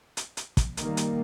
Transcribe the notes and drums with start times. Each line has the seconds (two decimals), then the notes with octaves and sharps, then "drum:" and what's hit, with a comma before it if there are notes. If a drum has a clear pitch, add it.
0.17 drum: hi-hat
0.37 drum: hi-hat
0.57 drum: kick, hi-hat
0.77 D#3 G3 A#3, drum: hi-hat
0.97 drum: hi-hat